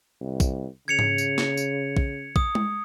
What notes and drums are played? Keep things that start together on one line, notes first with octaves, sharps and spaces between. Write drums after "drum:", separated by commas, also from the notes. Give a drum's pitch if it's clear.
C2
drum: kick, tambourine
C#3 G#6 C#7 F7
drum: tom G#2
drum: tambourine
drum: snare
drum: tambourine
drum: kick
D#6, drum: kick
drum: tom G#3